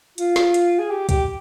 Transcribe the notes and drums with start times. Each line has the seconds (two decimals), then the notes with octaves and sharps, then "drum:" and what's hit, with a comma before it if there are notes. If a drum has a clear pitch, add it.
0.18 F4, drum: hi-hat
0.36 drum: snare
0.54 drum: hi-hat
0.79 G#4
0.91 G4
1.09 G4, drum: kick, hi-hat